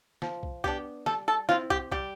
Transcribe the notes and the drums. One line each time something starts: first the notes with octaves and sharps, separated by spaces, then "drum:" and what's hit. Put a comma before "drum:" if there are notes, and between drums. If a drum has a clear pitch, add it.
F3, drum: snare
drum: kick
B3 D4 G4, drum: kick
G3 A4, drum: snare
A4
C4 E4 F4, drum: snare
G4, drum: kick
G3 G4, drum: kick